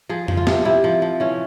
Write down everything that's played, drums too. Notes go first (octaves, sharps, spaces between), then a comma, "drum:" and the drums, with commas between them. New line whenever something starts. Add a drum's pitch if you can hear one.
F3 G#4
F3, drum: tom F2
F4
C3, drum: snare
C3 E4
F3
F3
E3 C#4